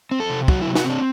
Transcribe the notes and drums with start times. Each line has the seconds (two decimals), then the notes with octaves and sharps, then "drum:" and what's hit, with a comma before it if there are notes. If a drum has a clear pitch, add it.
0.11 C4
0.20 A4
0.30 C3
0.48 F#3 F#4, drum: kick
0.61 E4
0.66 C3
0.75 F#4, drum: snare
0.84 C4
0.90 D4